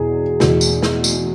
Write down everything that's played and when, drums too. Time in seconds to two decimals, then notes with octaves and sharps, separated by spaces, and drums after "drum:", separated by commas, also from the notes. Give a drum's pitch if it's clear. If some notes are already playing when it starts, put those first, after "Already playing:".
Already playing: E2 B2 G#4
0.40 E2 B2, drum: snare
0.61 drum: tambourine
0.82 drum: snare
1.04 drum: tambourine